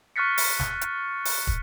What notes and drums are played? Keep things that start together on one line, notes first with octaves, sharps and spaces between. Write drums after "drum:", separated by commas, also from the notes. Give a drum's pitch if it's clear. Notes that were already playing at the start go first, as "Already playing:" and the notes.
C#6 F6 F#6 A6 B6 C#7
drum: open hi-hat
drum: snare
drum: hi-hat
drum: open hi-hat
drum: kick